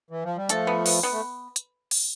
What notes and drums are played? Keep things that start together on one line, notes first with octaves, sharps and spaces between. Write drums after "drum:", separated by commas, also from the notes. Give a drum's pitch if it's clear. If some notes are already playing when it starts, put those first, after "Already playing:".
E3
F3
G3
F3 A3 A4, drum: hi-hat
B3
B3, drum: open hi-hat
B3
A3
drum: hi-hat
drum: open hi-hat